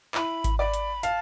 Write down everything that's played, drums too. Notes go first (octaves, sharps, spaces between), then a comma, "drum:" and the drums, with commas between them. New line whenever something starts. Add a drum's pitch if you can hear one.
E4 B5, drum: clap
drum: kick G#1, hi-hat
D5 B5
drum: hi-hat
F5 A5, drum: hi-hat